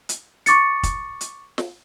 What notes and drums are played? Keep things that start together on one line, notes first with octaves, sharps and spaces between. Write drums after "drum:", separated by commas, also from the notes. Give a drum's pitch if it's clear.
drum: hi-hat
C#6 D6 A6 C#7, drum: hi-hat
drum: kick, hi-hat
drum: hi-hat
drum: snare